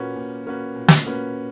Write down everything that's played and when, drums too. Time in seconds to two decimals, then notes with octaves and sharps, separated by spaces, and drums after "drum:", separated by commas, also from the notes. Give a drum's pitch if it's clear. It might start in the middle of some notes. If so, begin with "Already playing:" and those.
Already playing: A#2 A#3 C#4 F#4 B4
0.16 A#2
0.46 A#3 C#4 F#4 B4
0.76 A#2
0.88 drum: snare
1.06 A#3 C#4 F#4 B4